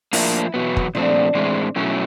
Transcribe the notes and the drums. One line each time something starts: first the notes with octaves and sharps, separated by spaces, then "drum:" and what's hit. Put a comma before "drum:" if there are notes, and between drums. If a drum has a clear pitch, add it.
A2 F3 A#3 D4 E4, drum: open hi-hat
E2 B2 F#3 B3
drum: kick
A#2 F3 A3 C4 D4
A2 E3 G#3 C4
B2 F#3 A3 C#4 E4